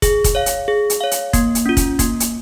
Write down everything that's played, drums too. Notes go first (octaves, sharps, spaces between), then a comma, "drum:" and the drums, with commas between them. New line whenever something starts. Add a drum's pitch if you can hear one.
G#4, drum: kick, hi-hat
drum: kick, hi-hat
C#5 F5
drum: hi-hat
G#4
drum: hi-hat
C#5 F5
drum: hi-hat
A#3, drum: kick, hi-hat
drum: hi-hat
C#4 F4
drum: kick, hi-hat
A#3, drum: kick, hi-hat
drum: hi-hat